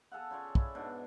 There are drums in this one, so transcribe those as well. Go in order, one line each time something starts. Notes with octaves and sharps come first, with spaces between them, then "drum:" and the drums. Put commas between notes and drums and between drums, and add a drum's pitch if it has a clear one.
G#4 A4 F5 F#5
C#3 F4 C#5 D5
E4, drum: kick
G#2 B2 D4